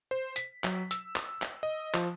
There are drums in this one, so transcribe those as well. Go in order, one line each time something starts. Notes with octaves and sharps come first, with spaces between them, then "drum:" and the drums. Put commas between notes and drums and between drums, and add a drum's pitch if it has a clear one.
C5
B6, drum: hi-hat
F#3, drum: clap
E6, drum: hi-hat
drum: clap
drum: clap
D#5
F3, drum: clap